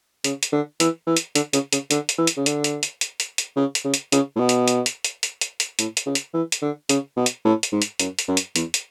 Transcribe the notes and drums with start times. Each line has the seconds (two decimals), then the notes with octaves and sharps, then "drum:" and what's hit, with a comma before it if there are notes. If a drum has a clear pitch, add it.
0.24 C#3, drum: hi-hat
0.43 drum: hi-hat
0.52 D3
0.80 E3, drum: hi-hat
1.07 E3
1.17 drum: hi-hat
1.35 D3, drum: hi-hat
1.53 C#3, drum: hi-hat
1.73 C#3, drum: hi-hat
1.91 D3, drum: hi-hat
2.09 drum: hi-hat
2.18 E3
2.27 drum: hi-hat
2.37 C#3
2.46 D3, drum: hi-hat
2.64 drum: hi-hat
2.83 drum: hi-hat
3.01 drum: hi-hat
3.20 drum: hi-hat
3.38 drum: hi-hat
3.56 C#3
3.75 drum: hi-hat
3.84 C#3
3.94 drum: hi-hat
4.12 C#3, drum: hi-hat
4.36 A2
4.39 B2
4.49 drum: hi-hat
4.68 drum: hi-hat
4.86 drum: hi-hat
5.04 drum: hi-hat
5.23 drum: hi-hat
5.41 drum: hi-hat
5.60 drum: hi-hat
5.79 A2, drum: hi-hat
5.97 drum: hi-hat
6.06 C#3
6.15 drum: hi-hat
6.34 E3
6.52 drum: hi-hat
6.62 D3
6.89 C#3, drum: hi-hat
7.17 B2
7.26 drum: hi-hat
7.45 A2
7.63 drum: hi-hat
7.72 G#2
7.82 drum: hi-hat
7.99 F#2, drum: hi-hat
8.19 drum: hi-hat
8.28 F#2
8.37 drum: hi-hat
8.56 E2, drum: hi-hat
8.74 drum: hi-hat